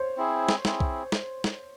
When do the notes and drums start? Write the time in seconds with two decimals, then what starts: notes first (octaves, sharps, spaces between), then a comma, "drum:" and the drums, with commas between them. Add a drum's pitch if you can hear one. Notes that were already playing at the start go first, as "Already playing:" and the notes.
Already playing: C5 C#5
0.17 C4 E4 G#4
0.49 drum: snare
0.65 C4 E4 G#4, drum: snare
0.80 drum: kick B1
1.12 drum: snare
1.44 drum: snare